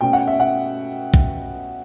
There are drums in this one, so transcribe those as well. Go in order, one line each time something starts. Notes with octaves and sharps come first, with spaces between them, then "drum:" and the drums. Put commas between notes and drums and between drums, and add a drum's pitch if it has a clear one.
B2 A3 C#4 G5
F#5
E5
F#5
drum: kick